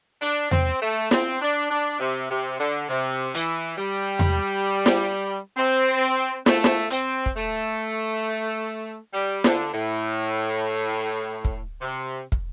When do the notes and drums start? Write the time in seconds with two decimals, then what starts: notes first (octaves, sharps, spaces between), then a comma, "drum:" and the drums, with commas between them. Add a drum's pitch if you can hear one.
0.21 D4
0.51 C4, drum: tom E2
0.82 A3
1.11 C4, drum: snare
1.41 D4
1.70 D4
2.00 C3
2.30 C3
2.59 D3
2.89 C3
3.34 E3, drum: hi-hat
3.78 G3
4.19 drum: tom E2
4.86 drum: snare
5.56 C4
6.46 A3, drum: snare
6.64 drum: snare
6.90 C4, drum: hi-hat
7.26 drum: kick
7.36 A3
9.14 G3
9.44 D3, drum: snare
9.74 A2
11.45 drum: kick
11.81 C3
12.32 drum: kick